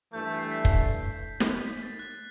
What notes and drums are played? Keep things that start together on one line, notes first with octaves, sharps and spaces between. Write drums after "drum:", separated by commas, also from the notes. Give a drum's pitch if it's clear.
G2 E3 A3 G6
B6
C7
B6
C7, drum: kick
drum: snare
B6
A6
F#6